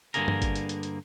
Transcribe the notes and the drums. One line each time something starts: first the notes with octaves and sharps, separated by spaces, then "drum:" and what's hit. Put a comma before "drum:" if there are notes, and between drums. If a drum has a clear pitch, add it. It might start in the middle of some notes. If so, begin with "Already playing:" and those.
G2 B2 D3 A#3 G#4 A#4, drum: hi-hat
drum: tom G2
drum: kick, hi-hat
drum: hi-hat
drum: hi-hat
drum: hi-hat